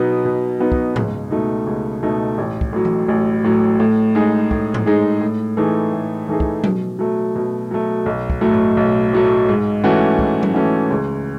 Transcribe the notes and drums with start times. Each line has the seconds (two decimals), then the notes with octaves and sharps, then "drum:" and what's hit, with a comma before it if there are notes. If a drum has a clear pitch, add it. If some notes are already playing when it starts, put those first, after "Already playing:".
Already playing: B2 F#3 B3 D#4
0.25 B2
0.59 F#3 B3 D#4
0.72 drum: kick
0.96 C#2, drum: tom G#2
1.31 B2 A3 D#4
1.67 C#2
2.03 B2 A3 D#4
2.38 A1
2.61 drum: kick
2.73 A2 F#3
2.85 drum: tom E3
3.08 A1
3.44 A2 F#3
3.80 A2
4.15 G#3 D#4 G#4
4.51 A2, drum: kick
4.74 drum: tom G#2
4.86 G#3 D#4 G#4
5.21 A2
5.57 E3 A3 D#4 G#4
5.93 A2
6.28 E3 A3 D#4 G#4
6.40 drum: kick
6.64 B2, drum: tom F#3
6.99 F#3 A3
7.35 B2
7.71 F#3 A3
8.06 B1
8.30 drum: kick
8.41 A2 F#3 A3
8.53 drum: tom G2
8.77 B1
9.13 A2 F#3 A3
9.49 G#2
9.84 E3 A3 C#4 F#4
10.19 G#2, drum: kick
10.43 drum: tom F#3
10.54 E3 A3 C#4 F#4
10.91 C#2